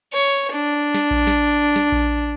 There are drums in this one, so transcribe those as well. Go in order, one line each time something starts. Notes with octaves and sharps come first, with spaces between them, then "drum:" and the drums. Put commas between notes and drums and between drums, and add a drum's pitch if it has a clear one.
C#5
D4
drum: snare
drum: kick A#1
drum: snare
drum: snare
drum: kick A#1